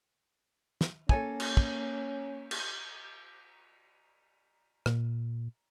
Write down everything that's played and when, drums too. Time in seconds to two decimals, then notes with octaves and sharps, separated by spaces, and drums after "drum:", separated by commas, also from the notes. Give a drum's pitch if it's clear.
0.81 drum: snare
1.09 A#3 C#4 A4 C#5 G#5, drum: kick
1.40 drum: cymbal
1.57 drum: kick
2.51 drum: cymbal
4.86 A#2, drum: rim click